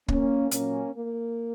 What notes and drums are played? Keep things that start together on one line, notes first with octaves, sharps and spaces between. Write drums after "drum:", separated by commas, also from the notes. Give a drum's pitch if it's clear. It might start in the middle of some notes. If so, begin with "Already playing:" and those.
A#3 C#4, drum: kick
A#2 F#3 A#3 C#4, drum: hi-hat
A#3